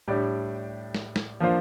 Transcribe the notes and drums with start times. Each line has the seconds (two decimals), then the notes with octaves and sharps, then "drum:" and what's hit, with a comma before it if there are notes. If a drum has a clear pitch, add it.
0.08 A2 G3 D4 G4 D5
0.95 drum: snare
1.16 drum: snare
1.40 F3 A#3 D4 F4 C5